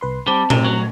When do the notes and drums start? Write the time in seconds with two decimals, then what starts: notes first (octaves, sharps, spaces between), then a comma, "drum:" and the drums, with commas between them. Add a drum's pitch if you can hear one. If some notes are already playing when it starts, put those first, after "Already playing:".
0.01 C2 B4 C6
0.28 G3 C4 A5
0.50 C3 A3, drum: tom A#2
0.65 F#3